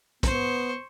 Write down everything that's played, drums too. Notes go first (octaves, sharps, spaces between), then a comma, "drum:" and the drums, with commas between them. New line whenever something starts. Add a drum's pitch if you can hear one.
B3 C5 C#6, drum: kick, hi-hat